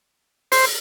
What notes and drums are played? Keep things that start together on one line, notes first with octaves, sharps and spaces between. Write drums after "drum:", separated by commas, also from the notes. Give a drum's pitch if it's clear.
C5, drum: open hi-hat